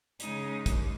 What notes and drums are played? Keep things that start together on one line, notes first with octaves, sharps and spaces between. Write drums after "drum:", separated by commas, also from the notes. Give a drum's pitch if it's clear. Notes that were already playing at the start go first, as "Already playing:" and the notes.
C#3 G#3 D#4, drum: hi-hat
D#2, drum: kick, hi-hat